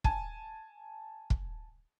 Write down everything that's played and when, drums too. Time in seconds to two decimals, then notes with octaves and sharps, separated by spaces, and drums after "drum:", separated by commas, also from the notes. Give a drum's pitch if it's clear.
0.04 G#5 A5, drum: kick
1.30 drum: kick